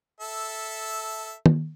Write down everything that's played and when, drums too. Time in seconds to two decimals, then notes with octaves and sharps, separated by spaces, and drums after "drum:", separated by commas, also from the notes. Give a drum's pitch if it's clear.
0.21 A4 E5
1.46 drum: tom